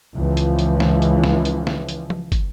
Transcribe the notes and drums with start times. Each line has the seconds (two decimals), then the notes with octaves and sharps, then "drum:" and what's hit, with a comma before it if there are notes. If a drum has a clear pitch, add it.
0.15 C#2 E3 F3
0.37 drum: hi-hat
0.59 drum: hi-hat
0.80 drum: snare
1.02 drum: hi-hat
1.24 drum: snare
1.45 drum: hi-hat
1.67 drum: snare
1.89 drum: hi-hat
2.10 drum: tom F3
2.32 drum: kick, hi-hat